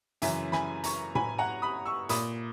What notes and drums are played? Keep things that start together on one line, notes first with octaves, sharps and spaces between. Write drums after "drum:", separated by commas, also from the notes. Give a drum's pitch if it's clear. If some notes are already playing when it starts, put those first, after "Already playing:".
F#2 C#3 E3 E5 G#5, drum: hi-hat
G#5 B5, drum: snare
A#5 C#6, drum: hi-hat
G#5 B5, drum: tom A2
F#5 A#5
B5 D#6
C#6 E6
A#2 B5 D#6, drum: hi-hat